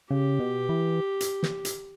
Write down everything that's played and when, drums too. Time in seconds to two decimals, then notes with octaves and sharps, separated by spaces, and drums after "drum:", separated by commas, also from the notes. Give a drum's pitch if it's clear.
0.11 C#3 G4
0.39 B2
0.69 E3
1.20 drum: hi-hat
1.43 drum: snare
1.65 drum: hi-hat